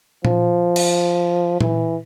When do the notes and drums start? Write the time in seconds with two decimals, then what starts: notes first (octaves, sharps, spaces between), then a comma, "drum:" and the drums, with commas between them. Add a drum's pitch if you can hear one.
0.25 F3, drum: tom A#2
0.76 drum: cymbal
1.61 E3, drum: tom A#2